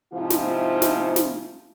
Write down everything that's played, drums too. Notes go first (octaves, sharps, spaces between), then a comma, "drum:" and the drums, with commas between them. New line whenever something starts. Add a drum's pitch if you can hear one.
G#2 C3 F3 E4 F4
drum: snare
drum: snare
drum: snare